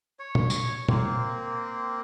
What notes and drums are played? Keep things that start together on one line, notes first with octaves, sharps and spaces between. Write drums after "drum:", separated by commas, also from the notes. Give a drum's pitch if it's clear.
C#5
drum: tom
drum: tambourine
A#3 C4, drum: tom